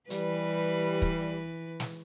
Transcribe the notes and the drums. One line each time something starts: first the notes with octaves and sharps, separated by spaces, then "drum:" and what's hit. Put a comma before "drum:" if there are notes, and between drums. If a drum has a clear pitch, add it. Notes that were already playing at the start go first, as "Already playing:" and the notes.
E3 G3 B4, drum: hi-hat
drum: kick
drum: snare